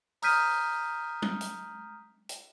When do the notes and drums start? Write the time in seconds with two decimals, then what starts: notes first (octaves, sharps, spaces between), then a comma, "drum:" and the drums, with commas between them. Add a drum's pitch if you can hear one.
0.22 A#5 D#6 F6 G6 B6 D#7, drum: open hi-hat
1.22 drum: tom
1.41 drum: hi-hat
2.29 drum: hi-hat